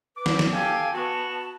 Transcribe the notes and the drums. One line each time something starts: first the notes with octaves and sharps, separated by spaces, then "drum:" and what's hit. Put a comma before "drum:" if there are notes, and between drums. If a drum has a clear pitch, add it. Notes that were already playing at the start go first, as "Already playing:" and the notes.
B4 D6
drum: snare
drum: snare
G4 A4 F5 G#5
B3 F#4 A5